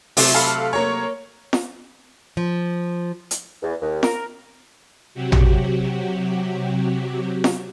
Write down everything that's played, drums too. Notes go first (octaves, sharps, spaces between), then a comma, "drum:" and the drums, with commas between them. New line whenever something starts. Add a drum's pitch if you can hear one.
C3 F#3 A3, drum: open hi-hat
A4 F5 B5
A#3 A#4 C#5
drum: snare F4
F3
drum: hi-hat
E2
D#2
A#4, drum: snare F4
C3 F#3 F#4 G4
drum: tom
drum: snare F4